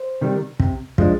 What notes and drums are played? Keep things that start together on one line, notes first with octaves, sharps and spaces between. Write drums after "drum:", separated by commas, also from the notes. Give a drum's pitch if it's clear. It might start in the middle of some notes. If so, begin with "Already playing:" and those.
Already playing: C5
C3 D#3 G3
C3, drum: kick
F3 G#3 D4, drum: kick